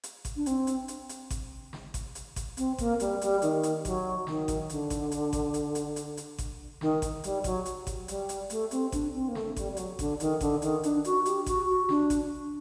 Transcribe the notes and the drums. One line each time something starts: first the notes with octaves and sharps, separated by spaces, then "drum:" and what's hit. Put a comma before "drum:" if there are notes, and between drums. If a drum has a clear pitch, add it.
drum: hi-hat
drum: kick G#1, hi-hat
D4
C4, drum: hi-hat
drum: hi-hat
drum: hi-hat
drum: hi-hat
drum: kick G#1, hi-hat
drum: snare
drum: kick G#1, hi-hat
drum: hi-hat
drum: kick G#1, hi-hat
C4, drum: hi-hat
A#3, drum: kick G#1, hi-hat
G3, drum: hi-hat
G3, drum: hi-hat
D#3, drum: hi-hat
drum: hi-hat
F#3, drum: kick G#1, hi-hat
D#3, drum: snare
drum: kick G#1, hi-hat
D3, drum: hi-hat
drum: kick G#1, hi-hat
drum: hi-hat
drum: kick G#1, hi-hat
drum: hi-hat
drum: hi-hat
drum: hi-hat
drum: hi-hat
drum: kick G#1, hi-hat
D#3, drum: snare
drum: kick G#1, hi-hat
G3, drum: hi-hat
F#3, drum: kick G#1, hi-hat
drum: hi-hat
drum: kick G#1, hi-hat
G3, drum: hi-hat
drum: hi-hat
A3, drum: hi-hat
C4, drum: hi-hat
D4, drum: kick G#1, hi-hat
C4
A#3
A3, drum: snare
G3, drum: kick G#1, hi-hat
G3
F#3, drum: hi-hat
D3, drum: kick G#1, hi-hat
D#3, drum: hi-hat
D3, drum: kick G#1, hi-hat
D#3, drum: hi-hat
D4, drum: hi-hat
F#4, drum: hi-hat
G4, drum: hi-hat
F#4, drum: kick G#1, hi-hat
F#4
D4, drum: snare
drum: kick G#1, hi-hat